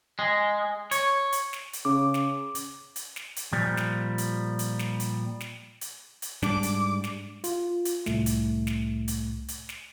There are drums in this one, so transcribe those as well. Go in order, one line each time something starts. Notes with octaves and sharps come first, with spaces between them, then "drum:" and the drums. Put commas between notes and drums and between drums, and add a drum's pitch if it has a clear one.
G#3
C#5, drum: hi-hat
drum: hi-hat
drum: snare
drum: hi-hat
C#3 D6
drum: snare
drum: hi-hat
drum: hi-hat
drum: snare
drum: hi-hat
A#2 F3 G3
drum: snare
drum: hi-hat
drum: hi-hat
drum: snare
drum: hi-hat
drum: snare
drum: hi-hat
drum: hi-hat
G#2 G3 D4 D6, drum: snare
drum: hi-hat
drum: snare
F4, drum: hi-hat
drum: hi-hat
C2 A2 A3, drum: snare
drum: hi-hat
drum: snare
drum: hi-hat
drum: hi-hat
drum: snare